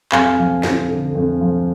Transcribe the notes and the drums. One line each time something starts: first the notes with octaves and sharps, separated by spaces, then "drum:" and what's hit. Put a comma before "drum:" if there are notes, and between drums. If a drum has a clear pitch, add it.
F2 F5 G#5, drum: clap
F3
F2, drum: snare
D3
F2
F3